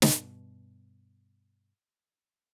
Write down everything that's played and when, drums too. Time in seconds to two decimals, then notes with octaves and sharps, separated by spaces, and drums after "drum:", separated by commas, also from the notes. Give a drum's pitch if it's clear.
0.02 G2 B2, drum: snare